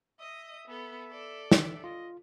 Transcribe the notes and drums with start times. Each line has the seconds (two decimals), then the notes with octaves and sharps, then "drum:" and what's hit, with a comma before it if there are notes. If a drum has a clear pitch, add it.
0.20 D#5 E5 D#6
0.67 B3 A4 E5
1.09 A4 D5
1.51 E3 E5, drum: snare
1.84 F4 D#5